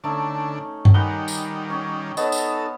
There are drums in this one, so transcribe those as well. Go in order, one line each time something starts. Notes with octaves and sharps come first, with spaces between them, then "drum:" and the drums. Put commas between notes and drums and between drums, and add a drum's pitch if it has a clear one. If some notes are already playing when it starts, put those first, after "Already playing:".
D3 A3 C#4 D#4
drum: tom G2
D#3 G3 A#4 F#5 G#5 B5 G6 G7
drum: tambourine
C#4
B3 D#4 A4 C#5 D#5, drum: tambourine
drum: tambourine